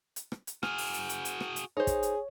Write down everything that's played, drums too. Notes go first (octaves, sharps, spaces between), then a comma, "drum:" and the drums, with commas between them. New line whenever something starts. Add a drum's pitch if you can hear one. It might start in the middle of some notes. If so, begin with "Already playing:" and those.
drum: hi-hat
drum: rim click
drum: hi-hat
F#4 G#4 F6, drum: rim click
drum: open hi-hat
drum: hi-hat
drum: hi-hat
drum: hi-hat
drum: rim click
drum: hi-hat
D#4 G#4 C5 C#5
drum: kick, hi-hat
drum: hi-hat